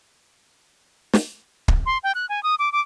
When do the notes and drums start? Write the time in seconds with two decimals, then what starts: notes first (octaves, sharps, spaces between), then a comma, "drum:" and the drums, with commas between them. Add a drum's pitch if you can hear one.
1.13 drum: snare
1.68 drum: kick
1.86 C6
2.03 G5
2.15 F#6
2.29 G#5
2.43 D#6
2.59 D6
2.73 D6